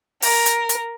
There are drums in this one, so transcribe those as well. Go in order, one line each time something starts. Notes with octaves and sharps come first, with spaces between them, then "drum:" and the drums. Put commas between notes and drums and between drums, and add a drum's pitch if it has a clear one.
A#4, drum: open hi-hat
drum: hi-hat
drum: hi-hat